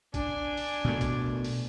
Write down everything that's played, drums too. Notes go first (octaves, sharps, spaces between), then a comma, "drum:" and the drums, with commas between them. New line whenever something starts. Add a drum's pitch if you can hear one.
D4 G#5, drum: kick A1, hi-hat
drum: open hi-hat
B2 A3
drum: kick A1, hi-hat
drum: open hi-hat